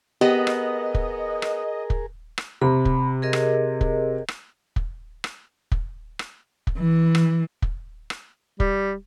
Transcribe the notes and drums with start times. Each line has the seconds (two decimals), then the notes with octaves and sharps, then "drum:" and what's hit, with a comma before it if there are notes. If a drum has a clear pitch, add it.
0.21 B3 G4 G#4 A#4 D#5
0.47 drum: rim click
0.94 drum: kick
1.42 drum: rim click
1.90 drum: kick
2.38 drum: rim click
2.61 C3 B5
2.85 drum: kick
3.22 G#4 A#4 D#5
3.33 drum: rim click
3.81 drum: kick
4.28 drum: rim click
4.76 drum: kick
5.24 drum: rim click
5.72 drum: kick
6.19 drum: rim click
6.67 drum: kick
6.78 E3
7.15 drum: rim click
7.62 drum: kick
8.10 drum: rim click
8.60 G3, drum: kick